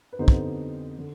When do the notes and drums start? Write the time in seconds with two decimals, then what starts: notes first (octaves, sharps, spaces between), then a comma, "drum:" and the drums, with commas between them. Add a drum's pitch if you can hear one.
0.13 B4
0.19 F2 D3 G3 B3 D#4 C5
0.28 drum: kick
0.99 D3